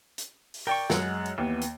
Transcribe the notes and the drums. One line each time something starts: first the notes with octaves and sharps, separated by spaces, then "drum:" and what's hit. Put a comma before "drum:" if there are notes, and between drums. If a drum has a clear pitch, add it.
drum: hi-hat
drum: open hi-hat
A#4 D5 G5 C#6
F#2 G#3 F#5, drum: snare
drum: hi-hat
D#2 E3 B3
drum: hi-hat